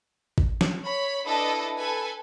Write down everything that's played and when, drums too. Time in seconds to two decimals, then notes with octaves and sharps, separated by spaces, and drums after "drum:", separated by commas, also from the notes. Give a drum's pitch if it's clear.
0.38 drum: kick G#1
0.61 drum: snare
0.84 C#5 B5
1.26 D4 E4 A4 B4 D#5
1.77 A4 B4 G#5